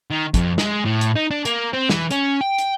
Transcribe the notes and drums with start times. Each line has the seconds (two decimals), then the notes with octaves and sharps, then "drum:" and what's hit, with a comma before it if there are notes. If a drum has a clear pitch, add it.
0.11 D#3
0.34 F2, drum: kick, hi-hat
0.58 G#3, drum: snare
0.85 A2
1.01 drum: hi-hat
1.16 D#4
1.31 D4
1.45 A#3, drum: hi-hat
1.73 C4
1.89 E3, drum: snare
2.11 C#4, drum: hi-hat
2.41 G5
2.58 drum: hi-hat